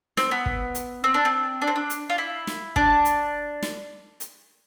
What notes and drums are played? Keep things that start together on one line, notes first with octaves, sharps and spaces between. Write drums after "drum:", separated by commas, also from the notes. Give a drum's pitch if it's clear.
C4, drum: snare
B3
drum: kick
drum: hi-hat
C4
D4
C4
D4
C4
D4
drum: hi-hat
F4
E4
drum: snare
D4, drum: kick
drum: hi-hat
drum: snare
drum: hi-hat